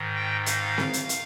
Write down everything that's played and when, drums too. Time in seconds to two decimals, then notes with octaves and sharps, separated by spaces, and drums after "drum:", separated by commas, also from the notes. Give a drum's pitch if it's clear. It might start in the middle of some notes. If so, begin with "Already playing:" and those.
Already playing: G#2 D#3
0.15 G5
0.46 F5, drum: hi-hat
0.78 drum: snare C4
0.93 drum: hi-hat
1.09 drum: hi-hat